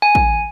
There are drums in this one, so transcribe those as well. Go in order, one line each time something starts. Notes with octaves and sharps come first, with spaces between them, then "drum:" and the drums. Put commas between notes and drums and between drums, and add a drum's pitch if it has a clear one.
G#5
drum: kick A1